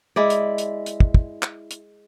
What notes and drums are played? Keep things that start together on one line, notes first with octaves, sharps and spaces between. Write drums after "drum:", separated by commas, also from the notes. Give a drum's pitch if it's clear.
G#3 E4 D5
drum: hi-hat
drum: hi-hat
drum: hi-hat
drum: kick
drum: kick
drum: clap
drum: hi-hat